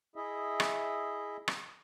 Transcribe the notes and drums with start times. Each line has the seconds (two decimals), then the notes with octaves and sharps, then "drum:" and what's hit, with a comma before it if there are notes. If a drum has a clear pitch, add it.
0.16 E4 G#4 D#5 E5
0.60 drum: rim click
1.48 drum: rim click